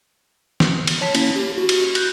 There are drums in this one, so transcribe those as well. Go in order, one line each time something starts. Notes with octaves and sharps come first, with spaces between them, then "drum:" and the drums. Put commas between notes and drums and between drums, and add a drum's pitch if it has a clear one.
drum: snare
drum: cymbal
C#5 A5 B6
A#3 C#4 E4, drum: cymbal
G4
F#4
drum: cymbal
F#6 G6, drum: cymbal